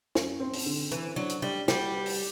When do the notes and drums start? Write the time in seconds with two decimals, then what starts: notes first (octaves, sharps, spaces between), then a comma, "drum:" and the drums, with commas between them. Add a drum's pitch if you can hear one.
0.15 F#2, drum: snare
0.40 C4
0.53 drum: open hi-hat
0.66 D3
0.91 E3 B4, drum: hi-hat
1.16 F#3 D4
1.29 drum: hi-hat
1.42 G3 D4
1.68 G3 F#4, drum: snare
1.93 B4
2.06 drum: open hi-hat